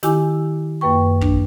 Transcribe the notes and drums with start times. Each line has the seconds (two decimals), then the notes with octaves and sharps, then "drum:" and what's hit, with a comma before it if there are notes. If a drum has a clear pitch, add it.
0.03 D#3 E4 G4 G#5 D6, drum: snare
0.81 F#2 A#3 B4 G5 C#6
1.21 D4, drum: kick